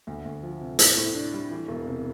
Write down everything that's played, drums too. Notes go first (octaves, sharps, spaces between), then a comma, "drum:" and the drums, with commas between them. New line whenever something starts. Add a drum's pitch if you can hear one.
D2
D2
F3
C3
A2, drum: hi-hat
A2
D4
G3
E3
E1
C3